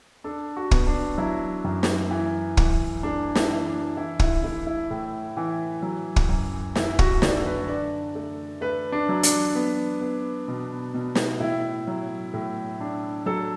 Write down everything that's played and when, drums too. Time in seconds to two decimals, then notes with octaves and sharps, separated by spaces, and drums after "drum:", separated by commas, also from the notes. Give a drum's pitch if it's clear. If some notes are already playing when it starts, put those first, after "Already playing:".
0.24 D4 A4
0.57 F#4
0.71 B3, drum: kick
0.87 D4
1.18 F#3 E4
1.64 F#2
1.83 drum: snare
2.11 E3
2.57 E3, drum: kick
3.03 A3 D4
3.35 E4, drum: snare
3.50 E3
3.66 D4
3.97 E3 E4
4.19 E4, drum: kick
4.43 A3 E4
4.67 E4
4.90 A2
5.37 E3
5.82 F#3
6.16 drum: kick
6.29 F#2
6.75 F#2 E4, drum: snare
6.99 F#4, drum: kick
7.22 D3 D5, drum: snare
7.36 A4
7.46 B4
7.69 D4 D5
8.15 A3
8.61 A3 B4
8.92 D4
9.09 F#3
9.23 D4, drum: hi-hat
9.55 B3
10.01 B3
10.48 B2
10.94 B2
11.15 drum: snare
11.40 A2 E4
11.87 F#3
12.34 A2
12.81 D4
13.26 F#3 A4